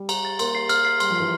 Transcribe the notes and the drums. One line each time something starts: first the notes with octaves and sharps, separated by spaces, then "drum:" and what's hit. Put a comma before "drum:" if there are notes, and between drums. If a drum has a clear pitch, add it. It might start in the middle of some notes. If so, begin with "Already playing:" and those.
Already playing: G3
A#5, drum: cymbal
A6
A#3 C6, drum: cymbal
C7
F6, drum: cymbal
C7
G3 C6, drum: cymbal
F3
E3 C7